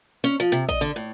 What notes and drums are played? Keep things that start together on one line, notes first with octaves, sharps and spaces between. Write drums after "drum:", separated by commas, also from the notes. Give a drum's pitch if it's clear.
C#4
F3
C3
D#5, drum: kick
D3
A2